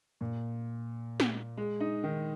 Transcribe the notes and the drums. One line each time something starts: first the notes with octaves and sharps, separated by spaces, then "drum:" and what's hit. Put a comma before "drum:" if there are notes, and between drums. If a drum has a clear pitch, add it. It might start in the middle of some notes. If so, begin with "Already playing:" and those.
A#2
drum: snare
G#3
D#4
D#3